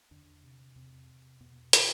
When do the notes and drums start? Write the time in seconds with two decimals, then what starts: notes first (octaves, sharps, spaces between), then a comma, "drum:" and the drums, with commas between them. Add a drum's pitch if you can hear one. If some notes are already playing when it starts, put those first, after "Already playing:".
0.11 E2 D3 D4
0.44 C3
0.76 E2 C3 C4
1.08 C3
1.40 E2 B2 B3
1.73 D3, drum: hi-hat